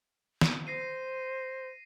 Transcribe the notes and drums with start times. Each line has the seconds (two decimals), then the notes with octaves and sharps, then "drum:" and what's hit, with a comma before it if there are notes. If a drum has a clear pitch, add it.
0.41 drum: snare
0.67 C5 A#6 C7 D#7